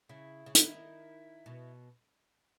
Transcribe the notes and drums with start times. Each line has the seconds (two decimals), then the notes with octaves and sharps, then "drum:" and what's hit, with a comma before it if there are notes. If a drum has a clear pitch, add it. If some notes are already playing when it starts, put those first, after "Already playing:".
0.09 C#3 E4
0.46 C#3
0.55 D#3 E4, drum: hi-hat
1.46 B2